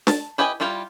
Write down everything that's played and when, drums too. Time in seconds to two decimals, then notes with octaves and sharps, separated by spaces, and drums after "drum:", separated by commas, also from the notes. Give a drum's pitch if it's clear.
0.07 A5, drum: snare D4
0.38 E4 G4 B4 D#5 G#5
0.60 G3 E4 F4 G4 F5